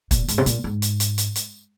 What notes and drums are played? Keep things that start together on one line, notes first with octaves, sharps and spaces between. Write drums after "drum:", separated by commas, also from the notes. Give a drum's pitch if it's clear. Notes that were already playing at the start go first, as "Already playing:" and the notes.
A#2, drum: kick, hi-hat
G#2, drum: hi-hat
C3
A#2, drum: hi-hat
G#2
drum: hi-hat
drum: hi-hat
drum: hi-hat
drum: hi-hat